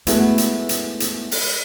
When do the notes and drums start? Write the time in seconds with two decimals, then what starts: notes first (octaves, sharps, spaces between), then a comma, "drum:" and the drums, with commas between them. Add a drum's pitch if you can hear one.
0.07 G#3 A3 B3 E4 F#4, drum: hi-hat
0.38 drum: hi-hat
0.69 drum: hi-hat
1.00 drum: hi-hat
1.31 drum: open hi-hat